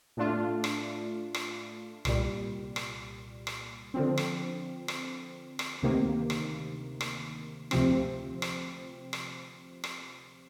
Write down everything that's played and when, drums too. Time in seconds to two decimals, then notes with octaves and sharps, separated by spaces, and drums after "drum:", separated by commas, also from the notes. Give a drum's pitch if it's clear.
0.17 A2 A3 D4 F4
0.64 drum: rim click
1.34 drum: rim click
2.05 C2 A#2 G3, drum: rim click
2.76 drum: rim click
3.47 drum: rim click
3.94 D3 F3 C4
4.18 drum: rim click
4.88 drum: rim click
5.59 drum: rim click
5.82 D2 C3 D#3 A#3
6.30 drum: rim click
7.01 drum: rim click
7.71 D2 C3 F3 C4, drum: rim click
8.42 drum: rim click
9.13 drum: rim click
9.84 drum: rim click